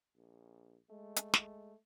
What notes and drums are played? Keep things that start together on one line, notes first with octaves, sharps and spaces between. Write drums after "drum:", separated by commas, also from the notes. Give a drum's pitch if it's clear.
A#1
G#3 A3
drum: hi-hat
drum: snare